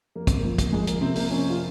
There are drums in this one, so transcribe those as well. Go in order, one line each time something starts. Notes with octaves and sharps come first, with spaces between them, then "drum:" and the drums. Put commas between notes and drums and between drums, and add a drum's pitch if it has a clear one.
F2 A#3
C4, drum: kick, hi-hat
A#3
F3
drum: kick, hi-hat
F2 G#3
A#3, drum: hi-hat
C3 C4
A#3, drum: open hi-hat
F2 C#4
F4